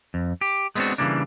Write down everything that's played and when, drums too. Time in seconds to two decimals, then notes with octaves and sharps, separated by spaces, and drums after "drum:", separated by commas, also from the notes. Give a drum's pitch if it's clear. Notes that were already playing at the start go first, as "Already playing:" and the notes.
0.14 F2
0.41 G4
0.75 G#3 A3 B3 C4 D4 F#4, drum: open hi-hat
0.98 C#3 E3 G3 A#3 D4